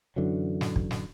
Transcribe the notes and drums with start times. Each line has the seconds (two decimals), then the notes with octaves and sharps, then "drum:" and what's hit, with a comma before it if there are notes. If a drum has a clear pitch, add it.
0.16 F#2 D3 E3 F#3
0.61 drum: snare
0.76 drum: kick
0.91 drum: snare